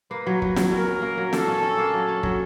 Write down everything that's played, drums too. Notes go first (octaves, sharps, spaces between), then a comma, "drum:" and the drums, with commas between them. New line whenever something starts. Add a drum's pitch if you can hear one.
A#3 B4
F#3
F#3, drum: kick
F#3, drum: snare
C#4 A#4
F#3
A#3
F#3
A#3 A4, drum: snare
C#4
C#4
A#3
F#3
C#4
F#3, drum: kick